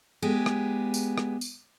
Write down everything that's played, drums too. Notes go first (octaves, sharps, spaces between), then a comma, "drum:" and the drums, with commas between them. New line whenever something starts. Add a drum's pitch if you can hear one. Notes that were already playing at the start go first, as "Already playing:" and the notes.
G#3 B3 G4
drum: rim click
drum: tambourine
drum: rim click
drum: tambourine